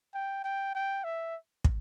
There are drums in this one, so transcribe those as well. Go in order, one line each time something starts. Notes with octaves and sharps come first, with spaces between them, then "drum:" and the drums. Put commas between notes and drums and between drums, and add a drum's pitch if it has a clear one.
G5
G5
G5
E5
drum: kick